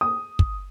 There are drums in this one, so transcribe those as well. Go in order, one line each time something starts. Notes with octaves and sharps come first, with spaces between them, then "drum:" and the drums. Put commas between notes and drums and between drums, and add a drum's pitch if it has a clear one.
D#6
drum: kick